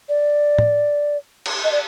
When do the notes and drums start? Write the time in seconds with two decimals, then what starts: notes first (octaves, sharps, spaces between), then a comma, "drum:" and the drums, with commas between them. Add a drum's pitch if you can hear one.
0.09 D5
0.58 drum: tom
1.46 drum: cymbal
1.64 D#5
1.72 D5